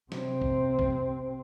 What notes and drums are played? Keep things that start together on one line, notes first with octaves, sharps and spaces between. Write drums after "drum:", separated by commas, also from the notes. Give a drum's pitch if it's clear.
C3 C4, drum: snare
drum: kick B1
drum: kick B1